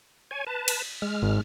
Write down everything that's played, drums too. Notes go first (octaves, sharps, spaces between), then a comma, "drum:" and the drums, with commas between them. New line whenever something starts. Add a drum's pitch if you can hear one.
C#5 G#5
B4 A5
drum: cymbal
G#3 F6
G#1